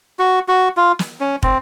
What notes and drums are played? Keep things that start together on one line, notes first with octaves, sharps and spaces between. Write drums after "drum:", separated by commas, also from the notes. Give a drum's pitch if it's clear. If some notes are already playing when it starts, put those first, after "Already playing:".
F#4
F#4
F4
drum: snare
C#4
C4, drum: kick